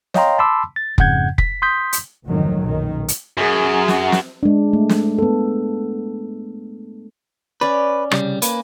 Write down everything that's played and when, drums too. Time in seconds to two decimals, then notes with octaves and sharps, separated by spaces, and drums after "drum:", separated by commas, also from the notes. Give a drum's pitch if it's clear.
0.14 C#5 D#5 F5 G5 A#5 C6, drum: snare
0.38 A5 B5 C6 D6 E6
0.76 A6
0.98 F2 G#2 C#3 F#5 G6 G#6, drum: kick F1
1.38 B6, drum: kick F1
1.62 C6 D#6 G6 B6
1.93 drum: hi-hat
2.27 F1 D2 G#2 D#3 F#3
2.62 B1 F#2 A#2 D#3
3.08 drum: hi-hat
3.38 F#2 G#4
3.88 drum: snare
4.12 drum: snare
4.43 G#3 D4
4.73 A3
4.89 drum: snare
5.18 B3 A4
7.61 C#4 B4 D5
8.11 C2 C#3 G3, drum: rim click
8.42 A#3 B4 G#5, drum: hi-hat